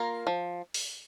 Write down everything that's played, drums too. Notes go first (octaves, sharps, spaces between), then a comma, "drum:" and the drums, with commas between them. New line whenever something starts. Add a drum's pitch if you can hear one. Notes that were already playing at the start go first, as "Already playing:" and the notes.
Already playing: A#3 F4 A#4
F3
drum: open hi-hat